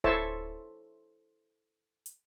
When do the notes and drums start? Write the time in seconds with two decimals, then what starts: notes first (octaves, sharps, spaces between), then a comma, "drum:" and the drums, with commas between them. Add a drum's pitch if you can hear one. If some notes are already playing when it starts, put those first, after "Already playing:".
0.04 E4 A4 C5 C#5 E5 A5, drum: kick D1
2.06 drum: hi-hat